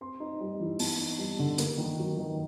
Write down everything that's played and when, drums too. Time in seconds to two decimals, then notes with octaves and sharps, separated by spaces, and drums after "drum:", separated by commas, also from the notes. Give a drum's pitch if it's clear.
0.01 C4 C6
0.20 D#4
0.41 G3
0.60 E3
0.79 B3 A5, drum: open hi-hat
0.99 D#4
1.18 G3
1.39 D3
1.58 A#3, drum: hi-hat
1.78 D#3
1.99 F#3
2.18 D#3